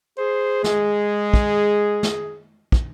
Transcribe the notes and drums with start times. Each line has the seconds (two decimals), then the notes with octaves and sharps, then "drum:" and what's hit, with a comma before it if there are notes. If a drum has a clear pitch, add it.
0.18 G#4 C5
0.64 G#3, drum: snare
1.34 drum: kick
2.03 drum: snare
2.72 drum: kick